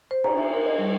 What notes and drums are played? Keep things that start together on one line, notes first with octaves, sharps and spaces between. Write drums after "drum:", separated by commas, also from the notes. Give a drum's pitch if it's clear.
C5
A#5, drum: cymbal
E5
A#4
D#5
G3